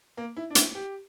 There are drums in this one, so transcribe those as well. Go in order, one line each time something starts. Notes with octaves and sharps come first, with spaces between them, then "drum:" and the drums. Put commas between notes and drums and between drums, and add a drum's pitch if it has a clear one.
A#3
E4
D4
E4, drum: hi-hat
G4